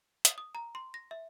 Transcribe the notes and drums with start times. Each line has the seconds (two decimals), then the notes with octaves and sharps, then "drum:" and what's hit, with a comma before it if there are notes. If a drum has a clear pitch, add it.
0.25 D#6, drum: hi-hat
0.38 D#6
0.55 A#5
0.75 C6
0.94 A#6
1.11 E5